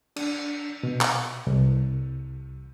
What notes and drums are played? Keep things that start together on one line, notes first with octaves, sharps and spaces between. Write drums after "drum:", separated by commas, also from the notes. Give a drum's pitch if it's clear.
D4, drum: cymbal
B2
drum: clap
C2